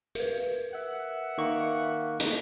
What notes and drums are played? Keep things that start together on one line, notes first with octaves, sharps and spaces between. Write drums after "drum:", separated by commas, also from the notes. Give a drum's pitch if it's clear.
A#4 B4, drum: tambourine
E5 F#5
D#3 A#3 C#6
drum: hi-hat